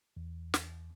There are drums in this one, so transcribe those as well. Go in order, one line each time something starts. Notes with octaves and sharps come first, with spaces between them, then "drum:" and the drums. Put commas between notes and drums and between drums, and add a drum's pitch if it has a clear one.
E2
drum: snare